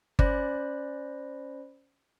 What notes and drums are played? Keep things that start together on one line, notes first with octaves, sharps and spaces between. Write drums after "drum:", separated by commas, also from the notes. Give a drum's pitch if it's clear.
C#4 C5 D5 B5 F#6 A#6, drum: kick G1